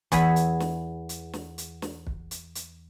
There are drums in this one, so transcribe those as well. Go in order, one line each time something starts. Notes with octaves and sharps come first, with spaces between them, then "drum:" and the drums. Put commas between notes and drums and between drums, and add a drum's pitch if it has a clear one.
E2 B3 G#4 F#5 G#5 B5, drum: kick, hi-hat
drum: hi-hat
drum: snare
drum: hi-hat
drum: snare
drum: hi-hat
drum: snare
drum: kick
drum: hi-hat
drum: hi-hat